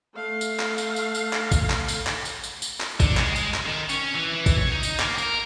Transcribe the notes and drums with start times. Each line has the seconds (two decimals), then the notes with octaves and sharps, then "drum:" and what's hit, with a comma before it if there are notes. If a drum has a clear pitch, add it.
0.15 A3 F5
0.41 drum: tambourine
0.59 drum: clap
0.78 drum: tambourine
0.96 drum: tambourine
1.15 drum: tambourine
1.33 drum: clap
1.52 drum: kick, tambourine
1.70 drum: clap
1.88 drum: tambourine
2.07 drum: clap
2.25 drum: tambourine
2.44 drum: tambourine
2.62 drum: tambourine
2.80 drum: clap
3.00 D3, drum: kick, tambourine
3.17 G#3, drum: clap
3.36 drum: tambourine
3.54 drum: clap
3.66 D#3
3.89 C#4, drum: tambourine
4.14 E3
4.33 E3
4.46 drum: kick, tambourine
4.58 C#5
4.71 D#4
4.83 drum: tambourine
5.00 A#3, drum: clap
5.18 A#4, drum: tambourine